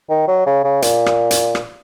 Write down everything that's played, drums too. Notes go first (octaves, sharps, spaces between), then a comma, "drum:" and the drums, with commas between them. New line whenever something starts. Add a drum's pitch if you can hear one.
D#3
F#3
C#3
C#3
A#2, drum: hi-hat
drum: rim click
drum: hi-hat
drum: rim click